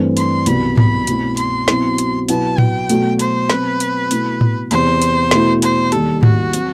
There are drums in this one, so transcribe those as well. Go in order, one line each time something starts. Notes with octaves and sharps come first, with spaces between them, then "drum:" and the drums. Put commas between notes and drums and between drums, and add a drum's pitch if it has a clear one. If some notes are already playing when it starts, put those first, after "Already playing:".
Already playing: G2 E3 A3 C4
C6, drum: hi-hat
C2 B2 F#3 B3 F#4 B5, drum: hi-hat
B5, drum: tom G#2
B2 A3 C4 E4, drum: hi-hat
C6, drum: hi-hat
B2 F#3 C4 E4, drum: snare
drum: hi-hat
B2 F#3 B3 E4 A5, drum: hi-hat
G5, drum: tom A2
B2 F#3 A3, drum: hi-hat
C5, drum: hi-hat
B2 F#3 C4 B4, drum: snare
drum: hi-hat
B2 A3 E4, drum: hi-hat
drum: tom A2
E2 C3 E3 C5, drum: hi-hat
drum: hi-hat
B2 A3 E4, drum: snare
C5, drum: hi-hat
D#2 D#3 G3 A4, drum: hi-hat
F#4, drum: tom G#2
F#3 C4, drum: hi-hat